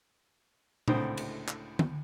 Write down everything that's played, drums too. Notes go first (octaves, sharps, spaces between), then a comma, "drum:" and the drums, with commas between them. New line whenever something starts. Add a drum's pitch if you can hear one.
C#2 A2 D3 C4 C5 D#6, drum: tom A#2
drum: cymbal
drum: clap
drum: tom D3